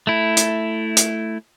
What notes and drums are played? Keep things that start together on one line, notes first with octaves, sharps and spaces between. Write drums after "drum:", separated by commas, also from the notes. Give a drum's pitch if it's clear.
A3 E4
drum: hi-hat
drum: hi-hat